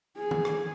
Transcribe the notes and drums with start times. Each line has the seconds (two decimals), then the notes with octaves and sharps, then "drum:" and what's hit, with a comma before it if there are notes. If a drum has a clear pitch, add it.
0.17 G#4
0.31 drum: tom
0.45 drum: rim click